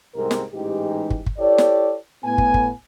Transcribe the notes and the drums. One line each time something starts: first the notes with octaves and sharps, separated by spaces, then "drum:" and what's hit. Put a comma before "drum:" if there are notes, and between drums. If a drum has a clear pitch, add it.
C2 G#2 C4 G4 A#4
drum: snare
A1 G#2 E3 D#4 G4
drum: kick
drum: kick
E4 G4 A4 C#5 D5
drum: snare
A2 B3 G#5
drum: kick
drum: kick